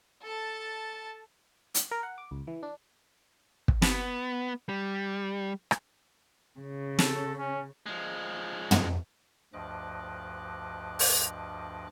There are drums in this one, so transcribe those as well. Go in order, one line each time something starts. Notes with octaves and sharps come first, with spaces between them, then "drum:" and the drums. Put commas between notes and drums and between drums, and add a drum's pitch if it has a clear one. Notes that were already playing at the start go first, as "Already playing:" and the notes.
A4 A5
drum: hi-hat
A#4
F#5
D6
C#2
E3
D4
drum: kick
B3, drum: snare
G3
drum: rim click
C#3
A4, drum: snare
C#4
F3 G#3
drum: tom
D2 G2 F3 D#5 D6 F#6
drum: open hi-hat